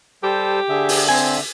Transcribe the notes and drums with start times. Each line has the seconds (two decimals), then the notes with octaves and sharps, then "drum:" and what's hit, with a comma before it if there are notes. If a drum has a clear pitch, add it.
0.23 G3 G4 A4 C5
0.69 D3 G#4 E5
0.89 drum: open hi-hat
1.09 C4 G#5